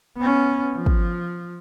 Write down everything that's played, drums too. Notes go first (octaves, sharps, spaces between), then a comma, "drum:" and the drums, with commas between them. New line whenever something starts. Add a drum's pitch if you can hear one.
B3 C#4
F3
drum: kick